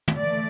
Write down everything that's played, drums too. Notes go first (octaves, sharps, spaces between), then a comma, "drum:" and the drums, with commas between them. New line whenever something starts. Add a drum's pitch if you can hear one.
drum: tom
E3 A3 D5